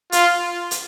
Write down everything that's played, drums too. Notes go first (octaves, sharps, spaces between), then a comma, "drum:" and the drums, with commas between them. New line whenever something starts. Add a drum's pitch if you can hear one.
F4, drum: hi-hat
drum: hi-hat